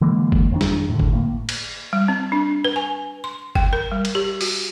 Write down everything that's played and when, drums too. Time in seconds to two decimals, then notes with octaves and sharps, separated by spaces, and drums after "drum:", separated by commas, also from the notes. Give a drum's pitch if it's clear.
0.01 D3 E3 G#3 A#3
0.32 drum: kick F#1
0.52 F2 D#3 D4
0.61 drum: snare
0.89 A2 D3
1.00 drum: kick F#1
1.12 A2 A#3
1.49 drum: cymbal
1.93 G3
2.08 C4
2.32 D4
2.65 B4
2.76 G#5
3.24 C6
3.55 G5, drum: kick F#1
3.73 A#4
3.92 G3
4.05 drum: cymbal
4.15 G4
4.41 F#4, drum: open hi-hat